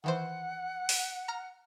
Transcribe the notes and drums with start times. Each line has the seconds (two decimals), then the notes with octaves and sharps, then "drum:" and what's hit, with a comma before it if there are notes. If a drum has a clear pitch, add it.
0.04 D#3 E3 C5 F#5
0.89 drum: open hi-hat
1.28 A#5 F6